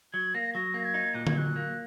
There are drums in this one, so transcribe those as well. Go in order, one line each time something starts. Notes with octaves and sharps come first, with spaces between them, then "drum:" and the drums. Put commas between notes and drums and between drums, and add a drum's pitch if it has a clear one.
F#3 G#6
A#3 A#6
F#3 A#6
A#3
G#6
D#4
A#2 F#6
G#6, drum: tom D3
F#3 F#6
A#3